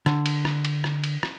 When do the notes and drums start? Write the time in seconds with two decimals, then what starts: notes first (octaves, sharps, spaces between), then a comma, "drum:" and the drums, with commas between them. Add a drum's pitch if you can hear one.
0.06 D3, drum: rim click
0.26 drum: cymbal
0.45 drum: rim click
0.65 drum: cymbal
0.84 drum: rim click
1.04 drum: cymbal
1.23 drum: rim click